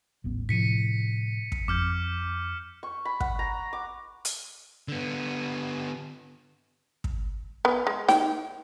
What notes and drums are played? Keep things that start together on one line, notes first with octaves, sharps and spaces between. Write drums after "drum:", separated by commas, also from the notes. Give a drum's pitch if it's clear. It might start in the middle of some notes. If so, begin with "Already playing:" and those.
D#1 A1 B3
A2 C3 F3 B6 C#7 D#7
drum: kick
F2 D6 F6 G6
C#6
B5
F#5, drum: kick
A#5
D6
drum: hi-hat
D3 B3
drum: kick
B3
G#3
G5, drum: snare D#4